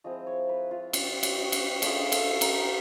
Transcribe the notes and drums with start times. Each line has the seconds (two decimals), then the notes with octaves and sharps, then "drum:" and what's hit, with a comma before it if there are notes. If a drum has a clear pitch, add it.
0.04 F3 G#3 C4 E4 D#5
0.27 C#5
0.49 B4
0.71 F4
0.93 F4, drum: cymbal
1.23 drum: cymbal
1.37 F#4
1.52 drum: cymbal
1.82 A3 C#4 F4 G#4, drum: cymbal
2.12 A4, drum: cymbal
2.41 A#4, drum: cymbal